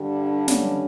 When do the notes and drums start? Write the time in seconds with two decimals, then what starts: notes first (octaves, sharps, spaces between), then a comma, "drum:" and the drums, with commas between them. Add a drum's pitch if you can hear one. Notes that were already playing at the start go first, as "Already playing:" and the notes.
Already playing: G2 D3 G3
0.19 D4
0.48 C#4, drum: snare